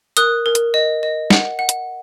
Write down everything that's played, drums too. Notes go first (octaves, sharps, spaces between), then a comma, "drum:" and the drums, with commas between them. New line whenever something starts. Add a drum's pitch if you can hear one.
A#4 D#6 F#6, drum: hi-hat
A#4
drum: hi-hat
D#5
D#5
F#5, drum: snare
F#5
drum: hi-hat